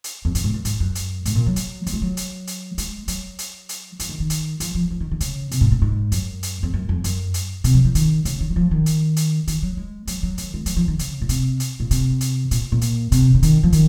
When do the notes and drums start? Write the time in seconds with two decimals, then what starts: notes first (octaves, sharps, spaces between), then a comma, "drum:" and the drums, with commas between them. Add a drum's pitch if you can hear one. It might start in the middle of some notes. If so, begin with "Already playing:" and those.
0.04 drum: hi-hat
0.25 F2
0.35 F#2, drum: hi-hat
0.44 G#2
0.54 F#2
0.65 G#2, drum: hi-hat
0.80 F#2
0.95 drum: hi-hat
1.25 G#2, drum: hi-hat
1.35 A#2
1.47 F#3
1.56 drum: hi-hat
1.86 F#3, drum: hi-hat
1.93 G#3
2.02 F#3
2.17 drum: hi-hat
2.47 drum: hi-hat
2.78 G#3, drum: hi-hat
3.08 F#3, drum: hi-hat
3.39 drum: hi-hat
3.69 drum: hi-hat
3.99 F3, drum: hi-hat
4.09 D#3
4.20 D#3
4.30 drum: hi-hat
4.60 F3, drum: hi-hat
4.75 F3
4.90 F3
5.01 D#3
5.12 D#3
5.20 C#3, drum: hi-hat
5.51 C3, drum: hi-hat
5.61 G#2
5.72 A#2
5.82 G#2
6.12 F#2, drum: hi-hat
6.43 drum: hi-hat
6.63 F2
6.74 F#2
6.89 F2
7.04 F#2, drum: hi-hat
7.34 drum: hi-hat
7.64 C3, drum: hi-hat
7.74 F#3
7.85 F3
7.95 D#3, drum: hi-hat
8.25 C#3, drum: hi-hat
8.41 D#3
8.50 F#3
8.56 F3
8.71 D#3
8.86 drum: hi-hat
9.16 drum: hi-hat
9.47 D#3, drum: hi-hat
9.63 F#3
9.77 G#3
10.07 F#3, drum: hi-hat
10.23 F#3
10.38 D#3, drum: hi-hat
10.54 G#3
10.66 F#3, drum: hi-hat
10.77 F3
10.88 D#3
10.99 C#3, drum: hi-hat
11.22 A#2
11.29 C3, drum: hi-hat
11.60 drum: hi-hat
11.80 A#2
11.91 C3, drum: hi-hat
12.21 drum: hi-hat
12.51 A#2, drum: hi-hat
12.72 A#2
12.81 drum: hi-hat
13.12 C3, drum: hi-hat
13.35 C#3
13.43 D#3, drum: hi-hat
13.63 F3
13.72 D#3, drum: hi-hat